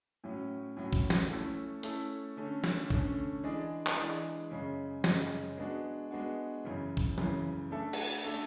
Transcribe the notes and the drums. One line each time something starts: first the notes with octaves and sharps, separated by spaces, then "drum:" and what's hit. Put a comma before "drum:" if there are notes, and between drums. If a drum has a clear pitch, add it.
A2 F#3 C#4
A2 F#3 C#4
drum: kick
drum: snare
A3 C#4 E4 A4
A3 C#4 E4 A4, drum: hi-hat
D3 A3 C#4
drum: snare
D3 A3 C#4, drum: kick
E3 G#3 D4 G#4 D5
drum: clap
E3 G#3 D4 G#4 D5
F#2 C#3 G#3
F#2 C#3 G#3, drum: snare
G#3 B3 D4 F#4
G#3 B3 D4 F#4
F#2 C#3 E3
drum: kick
F#2 C#3 E3, drum: tom E3
A3 D4 A4 E5
drum: cymbal
A3 D4 A4 E5